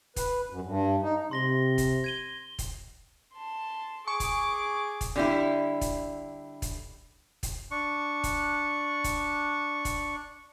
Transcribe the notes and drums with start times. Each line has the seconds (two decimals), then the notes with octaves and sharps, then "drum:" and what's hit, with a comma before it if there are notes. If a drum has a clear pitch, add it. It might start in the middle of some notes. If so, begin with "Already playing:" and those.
0.16 B4, drum: kick, hi-hat
0.50 F#2
0.66 G2
1.02 D#4
1.31 C3 C6 A#6 G7
1.78 drum: kick, hi-hat
2.04 G#6 D#7 G7
2.59 drum: kick, hi-hat
3.36 A5 C6
4.08 G#4 C#6 D6
4.20 drum: kick, hi-hat
5.01 drum: kick, hi-hat
5.16 D3 G3 E4
5.81 drum: kick, hi-hat
6.62 drum: kick, hi-hat
7.43 drum: kick, hi-hat
7.71 D4 C#6
8.24 drum: kick, hi-hat
9.04 drum: kick, hi-hat
9.85 drum: kick, hi-hat